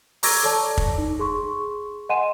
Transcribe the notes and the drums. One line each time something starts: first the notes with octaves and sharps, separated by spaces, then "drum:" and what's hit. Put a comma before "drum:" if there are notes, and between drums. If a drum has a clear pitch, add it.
A#5 C#6 D6 E6 G#6 A#6, drum: open hi-hat
A4 C#5 D5 A5 D6
drum: kick
D#4
G#4 C6 C#6
D#5 F#5 G#5 C6 D#7 E7